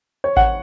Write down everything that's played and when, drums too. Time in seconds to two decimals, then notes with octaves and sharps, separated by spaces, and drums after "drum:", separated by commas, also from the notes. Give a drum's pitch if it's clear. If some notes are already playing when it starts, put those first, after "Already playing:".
0.24 C#5
0.37 F#5, drum: kick G#1